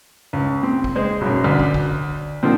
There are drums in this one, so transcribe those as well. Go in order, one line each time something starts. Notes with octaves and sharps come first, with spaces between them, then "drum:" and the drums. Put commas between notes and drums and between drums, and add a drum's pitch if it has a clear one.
C#2
C4
drum: kick
G#3 C5
B1 F#2
D2
drum: kick
drum: kick
D3 D#3 F3 C4